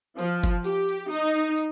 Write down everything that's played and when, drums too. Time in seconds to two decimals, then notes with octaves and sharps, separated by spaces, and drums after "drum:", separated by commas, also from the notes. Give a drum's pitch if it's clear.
0.19 F3, drum: tambourine
0.44 drum: kick F#1, tambourine
0.64 G4, drum: tambourine
0.89 drum: tambourine
1.11 D#4, drum: tambourine
1.34 drum: tambourine
1.56 drum: tambourine